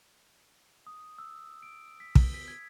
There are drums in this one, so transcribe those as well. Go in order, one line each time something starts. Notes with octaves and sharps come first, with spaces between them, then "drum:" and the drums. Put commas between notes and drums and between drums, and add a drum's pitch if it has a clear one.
D#6
E6
D7
B6
drum: kick
B6
G#6